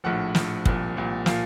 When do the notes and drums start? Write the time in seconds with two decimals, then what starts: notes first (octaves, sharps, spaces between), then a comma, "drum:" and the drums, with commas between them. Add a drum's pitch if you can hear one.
0.04 A#1 A2 F3 F#5
0.35 A#1 A2 F3, drum: snare
0.65 C2 A#2 F3, drum: kick
0.96 C2 A#2 F3
1.26 A#2 F3 F5, drum: snare